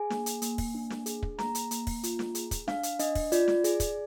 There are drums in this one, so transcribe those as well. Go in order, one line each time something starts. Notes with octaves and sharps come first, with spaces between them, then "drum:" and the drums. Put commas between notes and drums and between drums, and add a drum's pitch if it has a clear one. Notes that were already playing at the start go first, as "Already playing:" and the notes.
Already playing: G#4 G#5
A#3, drum: snare
drum: hi-hat
A#3, drum: hi-hat
drum: kick, open hi-hat
D4
drum: snare
G#4, drum: hi-hat
drum: kick
A#3 A#5, drum: snare
drum: hi-hat
A#3, drum: hi-hat
drum: kick, open hi-hat
F4, drum: hi-hat
drum: snare
G#4, drum: hi-hat
drum: kick, hi-hat
D4 F5, drum: snare
drum: hi-hat
D4 D#5, drum: hi-hat
drum: kick, open hi-hat
F4 D5, drum: hi-hat
drum: snare
G#4, drum: hi-hat
drum: kick, hi-hat